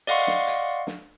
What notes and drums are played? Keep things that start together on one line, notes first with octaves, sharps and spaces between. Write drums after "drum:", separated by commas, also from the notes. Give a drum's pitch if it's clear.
D5 D#5 F5 F#5 C6 C#6, drum: open hi-hat
drum: snare
drum: hi-hat
drum: snare